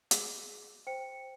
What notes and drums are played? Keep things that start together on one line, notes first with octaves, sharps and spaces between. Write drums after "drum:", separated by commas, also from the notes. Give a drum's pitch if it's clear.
G#4, drum: hi-hat
C5 G5 C#7